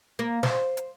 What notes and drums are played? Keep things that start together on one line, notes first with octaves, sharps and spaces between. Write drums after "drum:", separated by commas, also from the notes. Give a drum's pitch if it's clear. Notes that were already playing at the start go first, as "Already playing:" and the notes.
A#3
C5, drum: snare
drum: hi-hat